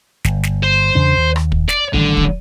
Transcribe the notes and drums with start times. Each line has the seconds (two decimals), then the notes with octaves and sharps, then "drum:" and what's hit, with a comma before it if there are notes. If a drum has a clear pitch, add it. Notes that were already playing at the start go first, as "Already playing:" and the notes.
0.24 G1, drum: snare
0.43 drum: snare
0.63 C5
0.95 E2 C#3 D4
1.17 D#2
1.36 drum: rim click
1.52 drum: kick
1.69 D5, drum: snare
1.94 A1 D3 D#3 G3
2.17 drum: kick